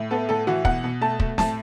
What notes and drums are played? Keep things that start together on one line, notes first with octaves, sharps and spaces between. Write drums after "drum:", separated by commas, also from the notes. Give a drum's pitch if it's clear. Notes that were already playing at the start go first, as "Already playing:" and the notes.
Already playing: A2
B3 A4
A2 A4
E3 F#4
B2 F#5, drum: kick
B2
A3 A5
A3, drum: kick
A2 A5, drum: snare